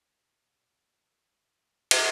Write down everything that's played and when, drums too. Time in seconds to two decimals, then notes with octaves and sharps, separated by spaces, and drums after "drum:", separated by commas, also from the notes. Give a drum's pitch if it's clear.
0.21 B2 G3 B3 F#4
1.91 drum: cymbal